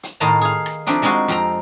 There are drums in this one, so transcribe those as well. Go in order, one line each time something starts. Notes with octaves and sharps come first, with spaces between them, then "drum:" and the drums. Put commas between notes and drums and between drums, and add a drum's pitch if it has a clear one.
drum: hi-hat
A2 D#3 D#4 F5 A5 A#5
G#4 F5
drum: rim click
F3 A3 C4 D4 D#4, drum: hi-hat
G3 G#3 C4 D#4 F4 F#4
F2 C4 A#5, drum: hi-hat